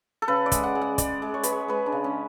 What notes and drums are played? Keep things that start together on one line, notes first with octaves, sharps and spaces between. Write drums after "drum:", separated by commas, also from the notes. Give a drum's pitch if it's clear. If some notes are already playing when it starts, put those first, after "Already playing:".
A4
C#3 B4
D5
G#3, drum: kick, hi-hat
F#5
G#3
F#5
G#3 D5, drum: kick, hi-hat
G#3
C#5
G#3 B4, drum: hi-hat
C#5
G#3 B4
D4
C#3
C#4